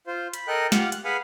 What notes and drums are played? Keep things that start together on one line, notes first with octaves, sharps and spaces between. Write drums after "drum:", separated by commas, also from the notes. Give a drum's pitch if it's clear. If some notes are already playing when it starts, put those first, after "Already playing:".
F4 C5
B5, drum: hi-hat
A4 A#4 D#5 G5 F#6
F4 G4 F5 F#5, drum: snare
F#6, drum: hi-hat
G#4 B4 F5 F#5 G#5 B5